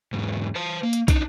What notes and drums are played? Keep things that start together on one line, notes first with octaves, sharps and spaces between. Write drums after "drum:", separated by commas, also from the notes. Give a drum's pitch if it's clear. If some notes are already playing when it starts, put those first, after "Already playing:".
E2 G#2
C5 A5
A#3
drum: hi-hat
D4 D#4, drum: kick, hi-hat